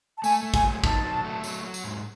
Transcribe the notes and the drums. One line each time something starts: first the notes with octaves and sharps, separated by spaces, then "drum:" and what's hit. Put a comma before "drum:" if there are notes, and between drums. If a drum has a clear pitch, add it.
A5
A3 G#5, drum: tambourine
A3
G#5, drum: kick, tambourine
F#3
D#4 A5, drum: kick
F#3
A3
F#3, drum: tambourine
F#3
drum: tambourine
G#2